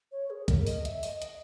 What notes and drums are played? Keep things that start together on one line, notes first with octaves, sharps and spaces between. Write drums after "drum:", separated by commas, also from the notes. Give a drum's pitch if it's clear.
C#5
G#4
A#4, drum: kick, hi-hat
D#5, drum: open hi-hat
E5, drum: hi-hat
D#5, drum: open hi-hat
drum: hi-hat